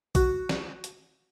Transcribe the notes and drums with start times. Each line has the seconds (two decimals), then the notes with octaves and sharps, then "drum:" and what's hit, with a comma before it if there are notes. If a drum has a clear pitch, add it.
0.15 F#4, drum: kick, hi-hat
0.49 drum: snare
0.84 drum: hi-hat